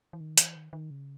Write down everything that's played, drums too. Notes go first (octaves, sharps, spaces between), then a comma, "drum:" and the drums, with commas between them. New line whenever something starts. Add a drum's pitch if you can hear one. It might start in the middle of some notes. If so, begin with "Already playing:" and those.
E3
D#3
E3, drum: hi-hat
D#3
D#3
C#3